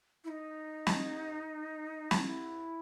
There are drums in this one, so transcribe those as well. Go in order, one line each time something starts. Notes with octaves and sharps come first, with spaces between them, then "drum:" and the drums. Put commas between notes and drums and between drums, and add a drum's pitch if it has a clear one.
E4
D#4
drum: snare
E4, drum: snare
D#4
E4